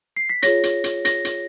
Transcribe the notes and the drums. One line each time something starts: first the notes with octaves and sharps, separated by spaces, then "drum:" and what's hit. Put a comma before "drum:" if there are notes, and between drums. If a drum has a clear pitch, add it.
C7
B6
F4 G#4 C#5 A#6, drum: hi-hat
drum: hi-hat
drum: hi-hat
A#6, drum: hi-hat
drum: hi-hat